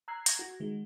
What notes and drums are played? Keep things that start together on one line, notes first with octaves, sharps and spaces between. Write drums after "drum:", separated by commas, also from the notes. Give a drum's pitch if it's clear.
A#5 E6 F#6 G#6 C7
G#6 A#6, drum: hi-hat
F#4
D#3 G#3